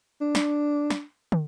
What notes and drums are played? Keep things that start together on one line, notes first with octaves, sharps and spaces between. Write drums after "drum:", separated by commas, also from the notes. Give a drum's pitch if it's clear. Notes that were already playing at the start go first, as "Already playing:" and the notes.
D4
drum: snare
drum: snare
drum: tom